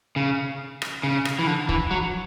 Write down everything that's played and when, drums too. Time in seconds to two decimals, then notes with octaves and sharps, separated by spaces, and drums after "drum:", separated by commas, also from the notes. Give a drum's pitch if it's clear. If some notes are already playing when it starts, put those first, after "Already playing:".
0.16 C#3
0.82 drum: rim click
1.03 C#3
1.25 drum: rim click
1.39 E3
1.47 D3
1.69 E3, drum: kick
1.91 F#3